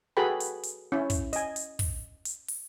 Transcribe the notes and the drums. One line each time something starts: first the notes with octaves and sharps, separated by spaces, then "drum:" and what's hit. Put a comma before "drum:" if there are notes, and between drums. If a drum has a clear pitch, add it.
F#4 G#4 A4 B4 G5 B5
drum: hi-hat
drum: hi-hat
C#4 E4
drum: kick, hi-hat
D#5 G#5, drum: hi-hat
drum: hi-hat
drum: kick, open hi-hat
drum: hi-hat
drum: open hi-hat